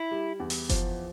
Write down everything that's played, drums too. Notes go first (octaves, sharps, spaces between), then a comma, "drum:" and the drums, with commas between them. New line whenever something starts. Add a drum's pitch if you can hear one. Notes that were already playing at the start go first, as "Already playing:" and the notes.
Already playing: E4
G3
E2
drum: open hi-hat
F3, drum: kick F#1, hi-hat